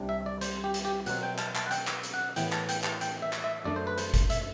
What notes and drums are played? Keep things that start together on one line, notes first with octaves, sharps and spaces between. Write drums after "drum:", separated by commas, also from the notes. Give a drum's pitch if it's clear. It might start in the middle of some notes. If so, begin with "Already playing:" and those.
Already playing: C2 C3 G3 D4
E5
D5
C5, drum: hi-hat
G4
drum: hi-hat
G4
B2 F#3 C4 F#5, drum: hi-hat
G5
A5, drum: clap
A5, drum: clap
F#5
G5, drum: hi-hat
drum: clap
drum: hi-hat
F#5
A2 E3 B3 G5, drum: hi-hat
A5, drum: clap
G5, drum: hi-hat
A5, drum: clap
G5, drum: hi-hat
E5
drum: clap
E5
F#2 D3 A3 D4 D5
C5
B4
C5, drum: hi-hat
drum: kick G1, hi-hat
E5, drum: hi-hat